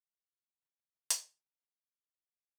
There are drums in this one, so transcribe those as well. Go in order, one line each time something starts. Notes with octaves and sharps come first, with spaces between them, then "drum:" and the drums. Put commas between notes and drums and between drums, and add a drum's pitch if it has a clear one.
A#3
G#3
D#3
C#3
C#3
C#3, drum: hi-hat
D#3
C3
C#3
D#3
F3